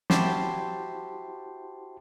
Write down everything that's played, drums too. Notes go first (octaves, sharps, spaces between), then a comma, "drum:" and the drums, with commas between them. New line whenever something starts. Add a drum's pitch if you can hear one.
E4 F#4 G4 C5 A5 C6, drum: snare